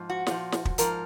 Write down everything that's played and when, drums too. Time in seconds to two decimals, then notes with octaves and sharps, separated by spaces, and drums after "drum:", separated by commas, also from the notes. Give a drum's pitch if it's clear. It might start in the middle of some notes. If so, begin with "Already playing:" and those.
Already playing: G#2 F3
0.10 F#4
0.27 A#2 F3, drum: snare
0.52 drum: snare
0.65 drum: kick
0.78 G#2 F3 A#4, drum: hi-hat